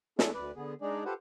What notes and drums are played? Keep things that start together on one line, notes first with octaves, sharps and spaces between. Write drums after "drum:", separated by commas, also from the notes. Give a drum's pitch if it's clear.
B3 C#4 D4 E4 G#4 A4, drum: snare
D2 B4 D5
D3 B3 G#4
G#3 D4 D#4 G#4 D5
F4 G4 A4 B4 C5 F#5